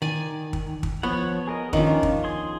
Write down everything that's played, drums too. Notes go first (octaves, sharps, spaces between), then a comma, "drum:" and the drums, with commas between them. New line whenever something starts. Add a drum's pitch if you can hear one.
D#3 D5 G#5
drum: kick
drum: kick
F3 B3 C#5 F#5
G#4 A#4 D#5
D#3 F3 C#4 D4 F4, drum: kick
drum: kick
G#4 C6